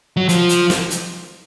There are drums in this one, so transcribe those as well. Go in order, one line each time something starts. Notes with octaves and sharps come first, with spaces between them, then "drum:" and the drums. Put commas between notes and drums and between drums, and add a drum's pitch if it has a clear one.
F#3
F3, drum: hi-hat
drum: hi-hat
drum: snare
drum: hi-hat